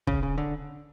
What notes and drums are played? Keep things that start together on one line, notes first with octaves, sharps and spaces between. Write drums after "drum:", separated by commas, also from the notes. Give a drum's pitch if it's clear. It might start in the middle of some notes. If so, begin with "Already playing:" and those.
C#3, drum: kick
C#3
D3